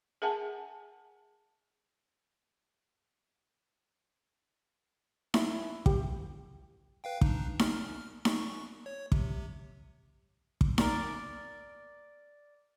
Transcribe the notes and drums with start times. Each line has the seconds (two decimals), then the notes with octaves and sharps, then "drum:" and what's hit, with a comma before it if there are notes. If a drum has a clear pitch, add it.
0.22 G#4 A#4 E5 F#5 G#5 A5
5.34 E4, drum: snare D#4
5.86 G4, drum: kick
7.04 B4 F5 G5
7.21 D4 D#4, drum: kick
7.59 F6, drum: snare D#4
8.25 C#6, drum: snare D#4
8.86 C#5
9.12 C3, drum: kick
10.61 drum: kick
10.78 A#4 D5, drum: snare D#4